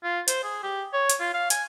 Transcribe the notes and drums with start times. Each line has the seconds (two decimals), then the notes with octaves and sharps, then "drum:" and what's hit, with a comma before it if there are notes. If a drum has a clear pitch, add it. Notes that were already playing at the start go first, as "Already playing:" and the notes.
0.04 F4
0.28 C5, drum: hi-hat
0.44 G#4
0.63 G4
0.93 C#5
1.09 drum: hi-hat
1.20 F4
1.34 F5
1.50 G#5, drum: hi-hat